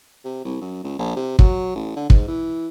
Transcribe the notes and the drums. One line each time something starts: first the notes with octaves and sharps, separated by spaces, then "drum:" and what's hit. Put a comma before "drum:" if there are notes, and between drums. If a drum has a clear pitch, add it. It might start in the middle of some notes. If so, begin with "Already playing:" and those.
C3
C2
F#2
C#2
A#1
C3
F#3, drum: kick
A1
D3
G#2, drum: kick
E3